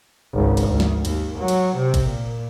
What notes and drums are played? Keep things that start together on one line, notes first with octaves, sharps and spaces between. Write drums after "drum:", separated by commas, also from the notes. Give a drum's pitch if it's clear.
G#1 C#2
drum: cymbal
D2
drum: snare
D#2, drum: cymbal
F#3
drum: cymbal
C3
drum: kick G1, cymbal
A#2